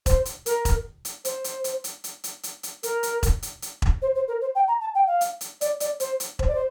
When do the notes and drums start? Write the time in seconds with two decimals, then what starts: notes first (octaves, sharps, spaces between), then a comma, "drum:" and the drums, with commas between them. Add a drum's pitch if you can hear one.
0.06 C5, drum: kick E1, hi-hat
0.25 drum: hi-hat
0.46 A#4, drum: hi-hat
0.65 drum: kick E1, hi-hat
1.05 drum: hi-hat
1.25 C5, drum: hi-hat
1.44 drum: hi-hat
1.64 drum: hi-hat
1.84 drum: hi-hat
2.04 drum: hi-hat
2.24 drum: hi-hat
2.43 drum: hi-hat
2.63 drum: hi-hat
2.83 A#4, drum: hi-hat
3.03 drum: hi-hat
3.23 drum: kick E1, hi-hat
3.42 drum: hi-hat
3.62 drum: hi-hat
3.82 drum: kick E1
4.02 C5
4.15 C5
4.28 A#4
4.41 C5
4.55 G5
4.68 A#5
4.81 A5
4.95 G5
5.07 F5
5.21 drum: hi-hat
5.41 drum: hi-hat
5.61 D5, drum: hi-hat
5.80 D5, drum: hi-hat
6.00 C5, drum: hi-hat
6.20 drum: hi-hat
6.39 C5, drum: kick E1
6.48 D5
6.55 C5